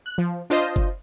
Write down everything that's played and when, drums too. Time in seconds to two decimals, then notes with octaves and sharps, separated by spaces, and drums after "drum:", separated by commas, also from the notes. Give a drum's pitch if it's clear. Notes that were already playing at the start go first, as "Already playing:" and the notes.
0.06 F#6
0.18 F3
0.50 D4 F4 C5 D#5
0.76 drum: kick F#1